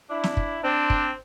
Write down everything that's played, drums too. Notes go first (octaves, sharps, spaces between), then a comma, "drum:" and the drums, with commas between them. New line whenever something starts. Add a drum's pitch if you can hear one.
D4 E4
drum: snare
drum: kick
C4 D4
drum: kick